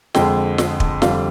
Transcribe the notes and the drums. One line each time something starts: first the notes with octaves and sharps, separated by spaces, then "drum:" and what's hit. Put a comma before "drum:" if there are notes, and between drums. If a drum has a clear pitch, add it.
F2 D3 G#3 G5, drum: snare
drum: snare
drum: kick
F2 D3 G3 F5, drum: snare